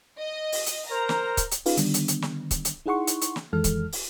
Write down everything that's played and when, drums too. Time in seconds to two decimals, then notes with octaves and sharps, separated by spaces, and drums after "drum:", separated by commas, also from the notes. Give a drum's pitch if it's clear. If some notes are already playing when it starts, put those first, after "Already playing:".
0.19 D#5
0.52 drum: open hi-hat
0.66 drum: hi-hat
0.88 A#4 C5 A#5
1.09 drum: snare
1.37 drum: kick C#1, hi-hat
1.52 drum: hi-hat
1.66 C#4 D#4 F4 G#4 B4 F5, drum: open hi-hat
1.77 D3 D#3 G3 B3 D4, drum: hi-hat
1.94 drum: hi-hat
2.08 drum: hi-hat
2.22 drum: snare
2.51 drum: kick C#1, hi-hat
2.65 drum: hi-hat
2.86 D#4 E4 G#4 F#5 C6 C#6
3.07 drum: hi-hat
3.22 drum: hi-hat
3.36 drum: snare
3.53 F2 D#3 E3 G#3 A4 F6
3.64 drum: kick C#1, hi-hat
3.92 drum: open hi-hat